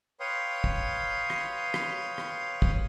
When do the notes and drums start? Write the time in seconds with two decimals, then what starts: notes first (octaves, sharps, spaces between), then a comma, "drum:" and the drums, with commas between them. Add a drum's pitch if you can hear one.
0.20 B4 C#5 F5 G5 C6 D#6
0.64 drum: kick
1.30 drum: rim click
1.74 drum: rim click
2.18 drum: rim click
2.62 drum: kick